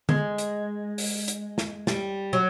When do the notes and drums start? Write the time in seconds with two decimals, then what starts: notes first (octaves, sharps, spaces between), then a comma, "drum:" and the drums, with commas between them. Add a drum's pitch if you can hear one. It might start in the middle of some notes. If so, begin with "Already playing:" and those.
0.09 G#3, drum: tom D3
0.38 drum: hi-hat
0.98 drum: open hi-hat
1.28 drum: hi-hat
1.58 drum: snare
1.87 G3, drum: snare
2.33 F#3